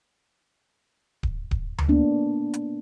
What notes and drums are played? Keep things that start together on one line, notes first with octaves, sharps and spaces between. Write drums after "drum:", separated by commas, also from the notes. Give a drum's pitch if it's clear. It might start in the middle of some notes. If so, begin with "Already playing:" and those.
drum: kick D1
drum: kick D1
drum: tom D2
A#3 B3 D4
drum: hi-hat